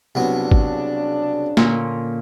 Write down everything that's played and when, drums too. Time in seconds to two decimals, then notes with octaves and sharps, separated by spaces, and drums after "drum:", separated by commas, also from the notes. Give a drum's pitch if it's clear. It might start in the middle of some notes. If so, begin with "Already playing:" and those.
0.15 C2 C#3 F#3 B3 D4
0.52 drum: kick
1.57 A#2 D3 C#4, drum: snare